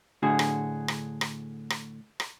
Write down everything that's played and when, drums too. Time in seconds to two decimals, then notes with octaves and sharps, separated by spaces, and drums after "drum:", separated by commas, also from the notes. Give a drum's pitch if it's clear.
0.23 A2 D3 F#4 G#4
0.39 drum: rim click
0.88 drum: rim click
1.21 drum: rim click
1.70 drum: rim click
2.20 drum: rim click